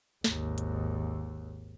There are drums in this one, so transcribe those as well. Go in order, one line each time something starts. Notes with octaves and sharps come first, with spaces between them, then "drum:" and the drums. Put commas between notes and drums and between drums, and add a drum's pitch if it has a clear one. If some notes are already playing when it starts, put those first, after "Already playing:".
G#1 D#2, drum: snare
drum: hi-hat